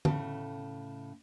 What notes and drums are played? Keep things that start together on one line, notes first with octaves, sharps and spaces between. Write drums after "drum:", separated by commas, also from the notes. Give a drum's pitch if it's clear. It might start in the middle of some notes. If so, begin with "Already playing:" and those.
A2 C#3 A3, drum: tom